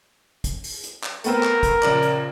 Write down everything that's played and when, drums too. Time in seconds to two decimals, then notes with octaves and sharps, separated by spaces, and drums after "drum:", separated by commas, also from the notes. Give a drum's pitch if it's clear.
0.44 drum: kick, hi-hat
0.64 drum: open hi-hat
0.84 drum: hi-hat
1.03 drum: clap
1.24 A3 B3 C4 A#4, drum: hi-hat
1.43 drum: clap
1.63 drum: kick, hi-hat
1.83 A#1 C#3 D5, drum: clap
2.03 drum: hi-hat